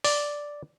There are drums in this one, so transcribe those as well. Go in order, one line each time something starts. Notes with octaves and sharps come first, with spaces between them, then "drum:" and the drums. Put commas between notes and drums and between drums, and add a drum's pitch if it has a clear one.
D5, drum: open hi-hat